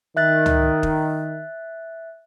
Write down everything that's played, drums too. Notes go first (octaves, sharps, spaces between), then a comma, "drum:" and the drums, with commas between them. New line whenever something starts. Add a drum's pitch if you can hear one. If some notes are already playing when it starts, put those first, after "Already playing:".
D#3 E5 F#6 A6
drum: tom C#2
drum: kick